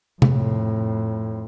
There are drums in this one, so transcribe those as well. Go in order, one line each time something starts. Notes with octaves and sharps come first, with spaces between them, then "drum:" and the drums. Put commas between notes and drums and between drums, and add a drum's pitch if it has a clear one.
F2 A2, drum: tom C3